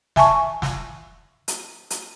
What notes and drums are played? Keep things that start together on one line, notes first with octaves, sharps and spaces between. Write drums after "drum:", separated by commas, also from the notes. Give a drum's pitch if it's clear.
E5 G#5 A5 C#6, drum: snare
drum: snare
drum: hi-hat
drum: hi-hat